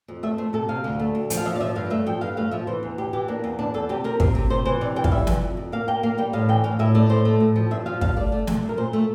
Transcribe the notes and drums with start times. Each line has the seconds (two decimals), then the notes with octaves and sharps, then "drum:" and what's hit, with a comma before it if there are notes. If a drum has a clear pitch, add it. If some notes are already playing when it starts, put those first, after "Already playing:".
0.08 F2
0.23 A3 E5
0.38 A3 C5
0.53 C3 A4
0.69 C3 F5
0.84 D2
0.99 A3
1.15 D2
1.30 F3, drum: hi-hat
1.37 F5
1.45 F3 E5
1.56 D5
1.60 F3 E5
1.76 G2 F5
1.90 A3 E5
2.06 F3 G5
2.21 G2 F5
2.37 A3 F5
2.51 F3 E5
2.67 E3 C5
2.83 E2
2.98 E2 G4
3.13 E3 G4
3.28 A#3 D4
3.44 E2
3.59 E2 D4
3.74 E2 A4
3.89 C3 G4
4.04 C3 A#4
4.20 C3, drum: kick
4.35 C3
4.50 C3 C5
4.65 E3 C5
4.81 C3 D5
4.96 E3 G5
5.04 F5, drum: kick
5.11 G3 E5
5.27 E3, drum: snare
5.41 F2
5.57 F2
5.72 A#3 F5
5.88 A#3 G5
6.03 A#3 F5
6.18 G3 G5
6.33 A2 F5
6.49 E3 G5
6.64 A2 F5
6.79 A2 E5
6.95 A3 D5
7.09 A2 C5
7.25 A3
7.40 A2
7.56 F3
7.71 G2 E5
7.86 F3 F5
8.01 G2 F5, drum: kick
8.17 A3 D5
8.32 A3
8.47 A3, drum: snare
8.63 G2
8.69 A#4
8.77 A#2 C5
8.93 A3